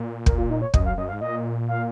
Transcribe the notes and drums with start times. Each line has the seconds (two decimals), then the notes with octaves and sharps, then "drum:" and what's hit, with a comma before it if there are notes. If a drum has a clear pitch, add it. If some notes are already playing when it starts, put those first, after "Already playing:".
Already playing: A#2
0.26 A#4, drum: kick
0.38 F4
0.50 D#4
0.62 C#5
0.74 F#2 D#5, drum: kick
0.86 F5
0.98 F#2 D#5
1.09 F5
1.12 G#2
1.21 A#2 D#5
1.68 F5